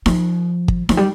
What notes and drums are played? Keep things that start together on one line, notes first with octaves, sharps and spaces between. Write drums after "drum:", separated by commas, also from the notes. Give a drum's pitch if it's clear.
F3, drum: snare D#4
drum: kick
F3, drum: snare D#4
G3